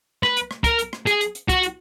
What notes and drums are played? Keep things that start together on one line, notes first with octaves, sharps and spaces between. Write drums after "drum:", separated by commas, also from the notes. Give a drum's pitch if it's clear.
B4, drum: rim click
drum: hi-hat
drum: rim click
A#4, drum: kick, hi-hat
drum: hi-hat
drum: rim click
G#4, drum: hi-hat
drum: hi-hat
drum: hi-hat
F#4, drum: kick, hi-hat
drum: hi-hat